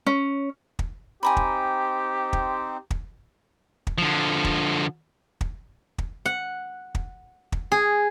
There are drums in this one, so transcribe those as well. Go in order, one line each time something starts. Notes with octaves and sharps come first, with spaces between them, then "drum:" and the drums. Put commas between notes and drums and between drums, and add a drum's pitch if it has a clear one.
C#4
drum: kick
C4 D#4 G4 C5 G#5 A#5 B5
drum: kick
drum: kick
drum: kick
drum: kick
D3 F3
drum: kick
drum: kick
drum: kick
F#5
drum: kick
drum: kick
G#4